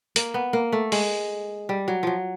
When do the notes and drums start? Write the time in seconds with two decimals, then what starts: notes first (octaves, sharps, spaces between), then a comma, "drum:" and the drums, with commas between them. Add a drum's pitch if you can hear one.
0.16 A#3, drum: hi-hat
0.34 B3
0.53 A#3
0.72 A3
0.92 G#3, drum: open hi-hat
1.69 G3
1.88 F#3
2.03 F3 F#3